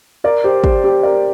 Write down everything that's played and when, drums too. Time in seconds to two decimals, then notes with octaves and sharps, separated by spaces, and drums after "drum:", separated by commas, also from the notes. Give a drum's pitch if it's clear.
0.24 A#4 D5
0.44 G4 C5
0.64 G4 C5, drum: kick
0.84 G4 C5
1.03 A#4 D5